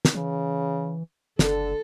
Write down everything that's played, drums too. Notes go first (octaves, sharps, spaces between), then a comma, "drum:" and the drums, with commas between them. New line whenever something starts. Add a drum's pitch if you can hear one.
drum: snare
C#3 E3
F#1 D3 A4, drum: snare